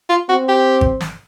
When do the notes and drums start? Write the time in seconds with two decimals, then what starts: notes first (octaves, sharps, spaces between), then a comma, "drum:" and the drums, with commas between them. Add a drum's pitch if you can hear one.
0.10 F4
0.29 C4 F#4
0.49 G4
0.81 drum: kick G#1
1.01 drum: snare